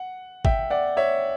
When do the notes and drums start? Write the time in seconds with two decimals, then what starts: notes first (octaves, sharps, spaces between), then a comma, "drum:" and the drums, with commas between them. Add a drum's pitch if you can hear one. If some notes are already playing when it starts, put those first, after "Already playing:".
Already playing: F#5
0.45 E5 G5, drum: kick G#1
0.70 D5 F#5
0.97 C#5 E5